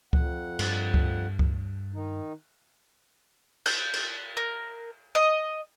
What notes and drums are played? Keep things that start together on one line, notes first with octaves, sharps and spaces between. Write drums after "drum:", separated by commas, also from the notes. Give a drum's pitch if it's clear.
F2 F#5, drum: kick C#2
G2, drum: cymbal
drum: kick C#2
drum: kick C#2
D#3 D#4
G6, drum: cymbal
drum: cymbal
A#4
D#5